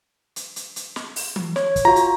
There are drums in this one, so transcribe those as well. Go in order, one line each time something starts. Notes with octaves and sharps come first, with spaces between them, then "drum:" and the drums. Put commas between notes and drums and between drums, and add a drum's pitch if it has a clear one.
drum: hi-hat
drum: hi-hat
drum: hi-hat
drum: snare
drum: open hi-hat
drum: tom E3
C#5, drum: snare
drum: kick, hi-hat
F4 F#4 A#5
drum: hi-hat